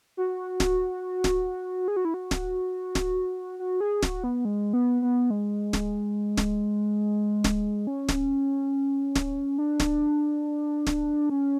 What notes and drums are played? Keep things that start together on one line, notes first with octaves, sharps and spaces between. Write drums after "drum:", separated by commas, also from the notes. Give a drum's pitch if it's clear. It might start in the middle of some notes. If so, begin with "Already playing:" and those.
F#4
drum: snare
drum: snare
G#4
F#4
E4
F#4
drum: snare
drum: snare
F#4
G#4
F#4, drum: snare
B3
G#3
B3
B3
G#3
drum: snare
drum: snare
drum: snare
C#4
drum: snare
drum: snare
D4
drum: snare
drum: snare
C#4